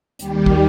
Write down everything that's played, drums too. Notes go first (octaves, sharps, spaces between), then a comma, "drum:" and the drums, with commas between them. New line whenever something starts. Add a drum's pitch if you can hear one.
D#2 D#3 G3 G4, drum: hi-hat
drum: kick